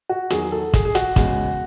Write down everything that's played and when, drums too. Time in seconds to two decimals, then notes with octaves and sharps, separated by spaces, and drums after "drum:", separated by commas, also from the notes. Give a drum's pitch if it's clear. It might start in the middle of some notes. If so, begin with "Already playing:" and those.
0.09 F#4
0.30 E2 D#3 F#3 G#4, drum: hi-hat
0.52 A4
0.73 G#4, drum: kick, hi-hat
0.85 G#4
0.95 F#4, drum: hi-hat
1.16 E2 C#3 G#3, drum: kick, hi-hat